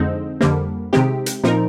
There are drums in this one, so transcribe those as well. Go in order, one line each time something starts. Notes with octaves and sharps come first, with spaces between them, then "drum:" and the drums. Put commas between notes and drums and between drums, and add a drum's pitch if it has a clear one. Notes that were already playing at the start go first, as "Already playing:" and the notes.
Already playing: F2 D3 G#3 C4 D#4
F2 D3 G3 A#3, drum: snare
C3 D#3 G#3 C4 G4, drum: snare
drum: hi-hat
A#2 F3 C4 D#4 A#4, drum: snare